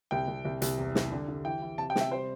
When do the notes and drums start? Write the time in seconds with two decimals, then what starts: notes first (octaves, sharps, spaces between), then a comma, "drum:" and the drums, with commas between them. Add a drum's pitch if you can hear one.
0.11 C2 G5
0.28 C2
0.45 C2
0.62 C2, drum: hi-hat
0.78 E2
0.95 E3, drum: snare
1.12 D3
1.28 D3
1.45 E3 G5
1.62 E3
1.78 C3 A5
1.90 G5
1.96 C3 E5, drum: snare
2.11 G3 C5